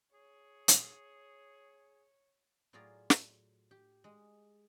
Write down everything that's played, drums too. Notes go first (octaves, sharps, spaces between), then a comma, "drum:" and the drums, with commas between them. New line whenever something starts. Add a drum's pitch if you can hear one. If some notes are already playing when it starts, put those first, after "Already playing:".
G#4 C#5
drum: hi-hat
A2 F#3 F4 G#4 D5 A#5
drum: snare
G4
G#3